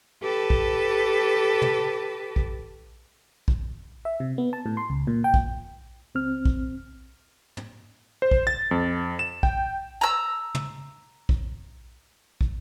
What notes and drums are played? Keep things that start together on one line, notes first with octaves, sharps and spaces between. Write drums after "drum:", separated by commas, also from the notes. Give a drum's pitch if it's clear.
G4 A4 B4 A5
drum: kick
drum: tom
drum: kick
drum: kick
E5
C3
B3
A5
A2
C6
C#2
A#2
G5
drum: kick
C#2 C4 F6
drum: kick
drum: tom
C5
drum: kick
A6
F2
E7
G5, drum: kick
A#5 E6
drum: tom
drum: kick
drum: kick